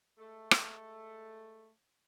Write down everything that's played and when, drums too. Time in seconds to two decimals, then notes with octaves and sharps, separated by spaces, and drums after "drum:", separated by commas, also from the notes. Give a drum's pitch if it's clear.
0.18 G#3 A3
0.51 drum: rim click